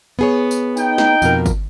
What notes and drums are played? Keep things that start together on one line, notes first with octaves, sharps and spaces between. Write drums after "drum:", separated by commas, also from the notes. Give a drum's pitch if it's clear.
B3 G#4 C#5
drum: tambourine
D#4 G5, drum: tambourine
drum: snare
F2 B2 A#4, drum: tambourine
drum: kick G1, tambourine